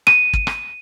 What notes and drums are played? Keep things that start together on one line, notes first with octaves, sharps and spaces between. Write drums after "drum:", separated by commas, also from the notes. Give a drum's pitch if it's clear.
D#7, drum: rim click
drum: kick
drum: rim click